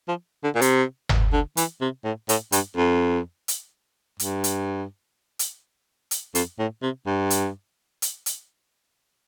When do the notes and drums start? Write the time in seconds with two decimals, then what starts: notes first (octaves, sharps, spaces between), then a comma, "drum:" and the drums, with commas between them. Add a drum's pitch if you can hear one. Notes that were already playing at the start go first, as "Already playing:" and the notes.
0.08 F3
0.44 D3
0.55 A#2
0.62 C3, drum: hi-hat
1.09 drum: tom G1
1.33 D3
1.57 E3, drum: hi-hat
1.81 C3
2.04 A2
2.29 A2, drum: hi-hat
2.52 G2, drum: hi-hat
2.76 F2
3.48 drum: hi-hat
4.20 G2, drum: hi-hat
4.44 drum: hi-hat
5.39 drum: hi-hat
6.11 drum: hi-hat
6.35 F2, drum: hi-hat
6.59 A2
6.82 C3
7.06 G2
7.30 drum: hi-hat
8.02 drum: hi-hat
8.26 drum: hi-hat